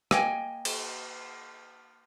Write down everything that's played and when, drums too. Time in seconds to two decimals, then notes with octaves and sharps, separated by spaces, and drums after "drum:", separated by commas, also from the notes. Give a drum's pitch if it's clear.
0.11 A#3 D#5 G5 G#5, drum: rim click
0.65 drum: cymbal